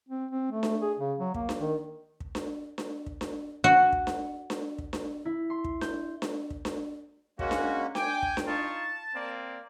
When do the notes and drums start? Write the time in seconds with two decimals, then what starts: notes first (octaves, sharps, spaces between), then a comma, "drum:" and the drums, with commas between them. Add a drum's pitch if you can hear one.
0.08 C4
0.31 C4
0.52 A3
0.63 drum: snare D4
0.82 G#4
0.99 C#3
1.18 F#3
1.34 A#3, drum: kick
1.49 drum: snare D4
1.59 D#3
2.20 drum: kick
2.35 drum: snare D4
2.78 drum: snare D4
3.06 drum: kick
3.21 drum: snare D4
3.64 F#4
3.92 drum: kick
4.07 drum: snare D4
4.50 drum: snare D4
4.78 drum: kick
4.93 drum: snare D4
5.25 E4
5.50 C6
5.64 drum: kick
5.81 G6, drum: snare D4
6.22 drum: snare D4
6.50 drum: kick
6.65 drum: snare D4
7.39 G#3 A#3 C#4 F#4, drum: kick
7.51 drum: snare D4
7.95 G5 G#5 D6, drum: snare D4
8.23 drum: kick
8.37 drum: snare D4
8.47 D#4 F4 A5 C#6
9.14 A#3 C4 D5